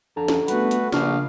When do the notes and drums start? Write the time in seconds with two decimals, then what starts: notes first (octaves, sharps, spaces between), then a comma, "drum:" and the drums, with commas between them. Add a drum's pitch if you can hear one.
0.16 F2 D3 A5 A#5
0.28 drum: snare
0.48 G3 A3 B3 F#4 B4, drum: hi-hat
0.71 drum: hi-hat
0.92 A#1 C#3 F5, drum: snare